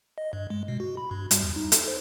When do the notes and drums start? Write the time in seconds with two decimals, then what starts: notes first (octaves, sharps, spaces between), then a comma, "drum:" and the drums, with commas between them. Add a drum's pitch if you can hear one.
0.18 D#5
0.33 G2
0.50 G#3
0.68 B2
0.80 F#4
0.97 B5
1.11 G2
1.31 G3, drum: hi-hat
1.43 E2
1.56 D#4
1.72 A4, drum: hi-hat
1.88 C5